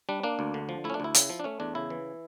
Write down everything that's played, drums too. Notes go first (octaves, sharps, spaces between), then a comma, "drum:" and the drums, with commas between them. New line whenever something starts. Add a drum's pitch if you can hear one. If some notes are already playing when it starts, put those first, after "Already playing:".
G3 D4
A#3 D4
D2
D3
F3
A3 E4
C#4
D4
D2 E4
C#3, drum: hi-hat
F3
D4
A3 C#4
E2 D4
C#3 E4
E3